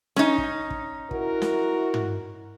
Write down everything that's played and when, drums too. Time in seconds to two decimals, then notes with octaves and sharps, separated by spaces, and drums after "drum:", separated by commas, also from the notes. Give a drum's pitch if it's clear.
0.16 C#4 D#4, drum: snare
0.38 drum: kick
0.70 drum: kick
1.11 E4 F#4 A#4, drum: kick
1.42 drum: snare
1.94 drum: tom